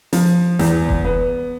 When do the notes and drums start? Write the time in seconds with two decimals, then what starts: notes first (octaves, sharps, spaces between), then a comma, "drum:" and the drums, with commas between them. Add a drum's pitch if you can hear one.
0.13 F3, drum: open hi-hat
0.59 E2, drum: snare
0.89 drum: kick F1
1.05 B3